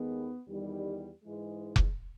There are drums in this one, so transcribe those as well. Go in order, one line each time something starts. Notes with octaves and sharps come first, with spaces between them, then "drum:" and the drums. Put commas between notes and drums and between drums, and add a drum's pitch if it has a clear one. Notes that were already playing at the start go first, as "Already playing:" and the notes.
Already playing: D#2 D#3 G#3 B3
E2 D#3 G3
G#2 E3 G#3
drum: kick F1